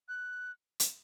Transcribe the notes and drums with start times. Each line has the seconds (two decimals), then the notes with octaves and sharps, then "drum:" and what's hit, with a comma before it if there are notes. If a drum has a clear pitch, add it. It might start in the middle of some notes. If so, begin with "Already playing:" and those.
0.09 F#6
0.80 drum: hi-hat